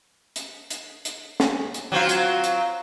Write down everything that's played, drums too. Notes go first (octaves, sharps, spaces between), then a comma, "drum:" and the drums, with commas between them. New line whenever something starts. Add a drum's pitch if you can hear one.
drum: hi-hat
drum: hi-hat
drum: hi-hat
drum: snare
drum: hi-hat
F#3 C4 F4
drum: hi-hat
drum: hi-hat